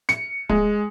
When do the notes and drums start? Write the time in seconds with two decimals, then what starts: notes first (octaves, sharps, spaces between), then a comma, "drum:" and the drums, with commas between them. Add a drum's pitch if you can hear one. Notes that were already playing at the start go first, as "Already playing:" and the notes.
0.09 C#7, drum: snare
0.49 G#3, drum: kick